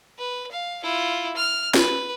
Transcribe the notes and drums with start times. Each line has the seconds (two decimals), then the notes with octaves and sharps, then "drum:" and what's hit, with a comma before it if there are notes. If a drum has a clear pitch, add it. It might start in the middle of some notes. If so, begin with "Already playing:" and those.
0.18 B4
0.52 F5
0.83 E4 F4
1.37 F6
1.74 B4, drum: snare